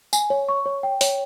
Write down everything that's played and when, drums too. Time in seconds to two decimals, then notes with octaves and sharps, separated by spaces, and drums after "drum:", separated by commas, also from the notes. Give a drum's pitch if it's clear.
0.13 G#5, drum: tambourine
0.30 C#5
0.49 C#6
0.66 C#5
0.83 G5
1.01 C#5, drum: open hi-hat